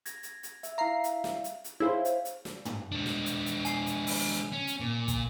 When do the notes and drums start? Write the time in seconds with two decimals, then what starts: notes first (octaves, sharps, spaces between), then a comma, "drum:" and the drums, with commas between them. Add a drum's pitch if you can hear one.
0.06 G#6 A#6, drum: hi-hat
0.23 drum: hi-hat
0.43 drum: hi-hat
0.63 E5, drum: hi-hat
0.78 E4 E5 F5 A#5 C7
1.04 drum: hi-hat
1.24 drum: snare
1.44 drum: hi-hat
1.64 drum: hi-hat
1.80 E4 G#4 C5 C#5 F5
2.05 drum: hi-hat
2.25 drum: hi-hat
2.45 drum: snare
2.65 drum: tom
2.92 G#3 D4
3.06 drum: snare
3.26 drum: hi-hat
3.46 drum: hi-hat
3.65 G#5 C7, drum: hi-hat
3.87 drum: hi-hat
4.07 drum: open hi-hat
4.53 C#4
4.67 drum: hi-hat
4.80 A#2
5.08 drum: kick, hi-hat